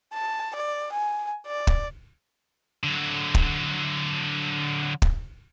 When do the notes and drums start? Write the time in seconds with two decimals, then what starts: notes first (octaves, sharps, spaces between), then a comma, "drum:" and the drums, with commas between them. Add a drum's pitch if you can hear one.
0.14 A5
0.55 D5
0.92 G#5
1.46 D5
1.67 drum: kick
2.84 D3 F#3
3.35 drum: kick
5.02 drum: kick